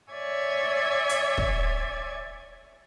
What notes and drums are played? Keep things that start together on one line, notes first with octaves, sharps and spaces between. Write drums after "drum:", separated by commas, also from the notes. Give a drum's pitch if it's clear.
C#5 D5 E5 G#5 G#6
drum: hi-hat
drum: kick